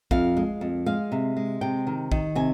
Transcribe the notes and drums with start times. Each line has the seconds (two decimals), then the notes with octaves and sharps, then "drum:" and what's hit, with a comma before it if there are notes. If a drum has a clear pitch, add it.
0.11 F2 F5, drum: kick A#1
0.37 G#3
0.61 F2
0.86 G#3 F5
1.12 C3
1.37 G#3
1.61 C3 G5
1.87 D#3
2.12 D#3, drum: kick A#1
2.36 C3 G#5